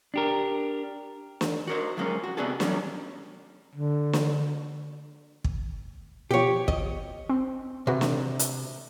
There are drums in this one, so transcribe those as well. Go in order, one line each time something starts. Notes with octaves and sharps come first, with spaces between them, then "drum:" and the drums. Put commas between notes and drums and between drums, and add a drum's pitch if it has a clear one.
D4 G4 A#4
drum: snare
F#4 A#4 C5
F3 F#3 G#3 A#3 C#4
F#4
C3 B3 D4 F#4 G#4 A4
F#3 G3 B3 C#4, drum: snare
D3
drum: snare
drum: kick
B2 F3 G4 C#5
D#5, drum: kick
C4
C3 F#4 B4
drum: snare
drum: hi-hat